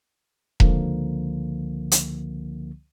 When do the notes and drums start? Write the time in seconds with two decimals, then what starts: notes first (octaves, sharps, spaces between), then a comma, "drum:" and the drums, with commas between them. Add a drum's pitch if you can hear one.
0.60 C#2 D3 F3 A#3, drum: kick E1
1.92 drum: hi-hat